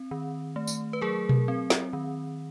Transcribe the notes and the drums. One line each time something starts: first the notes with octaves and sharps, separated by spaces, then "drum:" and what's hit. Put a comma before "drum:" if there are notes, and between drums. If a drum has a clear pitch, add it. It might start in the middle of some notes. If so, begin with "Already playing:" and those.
Already playing: C4
D#3
A3
drum: tambourine
B4
F#3 G#4 A#4
drum: tom B2
C4
drum: snare
D#3